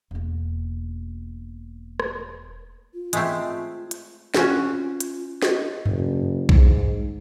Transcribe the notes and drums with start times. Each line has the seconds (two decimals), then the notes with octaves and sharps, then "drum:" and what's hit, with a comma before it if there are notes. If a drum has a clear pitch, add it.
0.11 E1 A#3
2.00 drum: rim click
2.94 F4
3.13 G#3 A3 C4, drum: hi-hat
3.91 drum: hi-hat
4.34 C4 C#4 F4 F#4, drum: snare
5.01 drum: hi-hat
5.42 D#5, drum: snare
5.86 F#1, drum: tom F#2
6.49 G#2, drum: kick B1